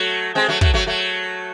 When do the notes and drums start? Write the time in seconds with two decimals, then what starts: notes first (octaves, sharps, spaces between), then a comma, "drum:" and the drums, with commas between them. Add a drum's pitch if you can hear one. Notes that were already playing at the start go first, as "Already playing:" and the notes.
Already playing: F#3 A3
0.35 G#3 C4
0.48 F#3 A3
0.61 F#3 A3, drum: kick
0.74 F#3 A3
0.86 F#3 A3